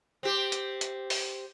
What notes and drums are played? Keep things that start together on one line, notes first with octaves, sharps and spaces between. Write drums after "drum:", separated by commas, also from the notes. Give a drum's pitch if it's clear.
C4 G4
drum: hi-hat
drum: hi-hat
drum: open hi-hat